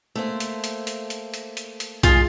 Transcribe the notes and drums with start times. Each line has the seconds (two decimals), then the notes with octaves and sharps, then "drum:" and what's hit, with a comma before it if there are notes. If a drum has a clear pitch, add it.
0.15 A3 A#3 C5
0.40 drum: hi-hat
0.64 drum: hi-hat
0.87 drum: hi-hat
1.10 drum: hi-hat
1.34 drum: hi-hat
1.57 drum: hi-hat
1.80 drum: hi-hat
2.03 G#3 F4 G#4 A5, drum: kick B1, hi-hat